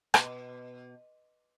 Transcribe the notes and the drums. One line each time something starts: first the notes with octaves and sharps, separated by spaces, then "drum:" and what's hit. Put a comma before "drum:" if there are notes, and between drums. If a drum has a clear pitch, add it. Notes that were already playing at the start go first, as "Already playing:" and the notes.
B2, drum: rim click